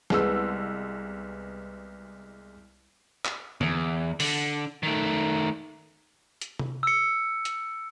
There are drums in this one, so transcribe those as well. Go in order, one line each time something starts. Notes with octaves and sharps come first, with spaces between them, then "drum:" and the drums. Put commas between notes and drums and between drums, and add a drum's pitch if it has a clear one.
C2 G#3 B3 E6, drum: snare
drum: clap
E2, drum: tom D3
D3, drum: open hi-hat
D#3 A3
drum: hi-hat
drum: tom C3
E6 C#7
drum: hi-hat